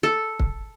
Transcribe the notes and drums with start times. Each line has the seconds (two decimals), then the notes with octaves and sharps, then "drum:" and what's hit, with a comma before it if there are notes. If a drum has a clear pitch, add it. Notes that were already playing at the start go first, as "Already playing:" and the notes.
0.03 A4
0.40 drum: kick